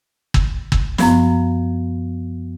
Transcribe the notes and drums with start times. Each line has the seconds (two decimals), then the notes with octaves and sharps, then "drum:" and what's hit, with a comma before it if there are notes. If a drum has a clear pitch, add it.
0.34 drum: kick
0.72 drum: kick
0.98 F#2 F3 B3, drum: snare